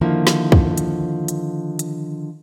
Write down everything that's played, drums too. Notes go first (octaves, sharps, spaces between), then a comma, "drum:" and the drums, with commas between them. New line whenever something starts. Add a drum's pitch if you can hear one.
D3 D#3 F3 A#3 E4 F4
drum: snare
drum: kick
drum: hi-hat
drum: hi-hat
drum: hi-hat